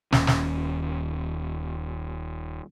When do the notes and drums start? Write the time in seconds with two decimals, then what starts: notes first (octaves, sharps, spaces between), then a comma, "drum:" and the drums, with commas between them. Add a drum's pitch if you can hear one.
0.12 D#1 D#2 C#4, drum: snare
0.27 drum: snare